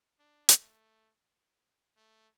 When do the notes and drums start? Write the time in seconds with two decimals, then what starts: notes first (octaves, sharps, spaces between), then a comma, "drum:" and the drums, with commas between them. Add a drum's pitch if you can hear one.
0.19 D4
0.49 A3, drum: hi-hat
1.97 A3